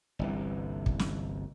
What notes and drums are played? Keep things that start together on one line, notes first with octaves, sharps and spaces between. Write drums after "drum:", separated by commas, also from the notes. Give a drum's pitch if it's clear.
G1 C2 E3
drum: kick
drum: snare